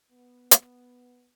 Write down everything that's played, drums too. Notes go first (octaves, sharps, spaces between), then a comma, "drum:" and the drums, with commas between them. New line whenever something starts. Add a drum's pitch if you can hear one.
B3
drum: hi-hat